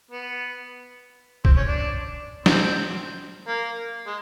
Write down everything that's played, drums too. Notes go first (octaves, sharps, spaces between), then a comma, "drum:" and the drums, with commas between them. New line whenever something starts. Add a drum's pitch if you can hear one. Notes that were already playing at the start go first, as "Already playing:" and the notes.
B3
C4, drum: kick
C#4
D4
C4, drum: snare
A#3
G#3